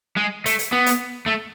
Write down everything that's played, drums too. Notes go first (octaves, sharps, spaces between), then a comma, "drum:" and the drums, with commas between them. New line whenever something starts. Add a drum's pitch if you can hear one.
G#3
A3, drum: hi-hat
drum: hi-hat
B3
drum: hi-hat
A3